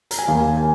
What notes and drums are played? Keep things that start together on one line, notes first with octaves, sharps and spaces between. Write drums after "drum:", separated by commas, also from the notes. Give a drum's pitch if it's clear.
A#5, drum: hi-hat
G#5
D#2 D#3 F5
G#5